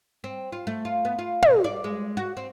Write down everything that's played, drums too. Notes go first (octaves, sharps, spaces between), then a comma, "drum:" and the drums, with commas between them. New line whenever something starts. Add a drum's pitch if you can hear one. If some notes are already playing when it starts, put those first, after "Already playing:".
C4
F4
A3
F4
B3
F4
B2, drum: tom
D5
G#3
F#4
C4